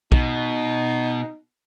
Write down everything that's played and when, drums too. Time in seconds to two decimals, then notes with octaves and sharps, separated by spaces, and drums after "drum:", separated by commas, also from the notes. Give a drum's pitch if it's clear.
0.12 B2 D#4, drum: kick